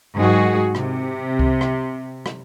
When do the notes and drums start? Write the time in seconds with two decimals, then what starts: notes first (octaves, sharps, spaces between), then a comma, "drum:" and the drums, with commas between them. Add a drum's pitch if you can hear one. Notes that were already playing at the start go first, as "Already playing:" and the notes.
0.15 G#2 D#3 F#3 F#4 G#4
0.75 C3, drum: rim click
1.39 drum: kick C2
1.61 drum: rim click
2.26 drum: rim click